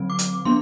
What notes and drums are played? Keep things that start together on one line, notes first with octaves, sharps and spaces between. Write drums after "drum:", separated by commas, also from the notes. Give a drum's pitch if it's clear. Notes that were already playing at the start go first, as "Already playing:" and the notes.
Already playing: D3 F#3 C4
D6
drum: hi-hat
F#3 B3 D4 C6